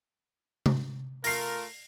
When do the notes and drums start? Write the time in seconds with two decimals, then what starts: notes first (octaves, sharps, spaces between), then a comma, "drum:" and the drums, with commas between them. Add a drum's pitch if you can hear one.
0.66 drum: tom C3
1.24 A3 F4 A#4 A#6 C7, drum: open hi-hat